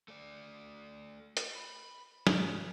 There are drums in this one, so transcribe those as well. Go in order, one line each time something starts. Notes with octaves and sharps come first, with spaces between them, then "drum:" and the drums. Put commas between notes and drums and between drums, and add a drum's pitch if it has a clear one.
A3 D5
drum: hi-hat
B5
C2 G#2, drum: snare